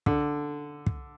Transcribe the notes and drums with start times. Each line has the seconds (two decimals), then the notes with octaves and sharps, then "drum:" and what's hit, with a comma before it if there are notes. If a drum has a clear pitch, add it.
0.06 D3, drum: kick
0.86 drum: kick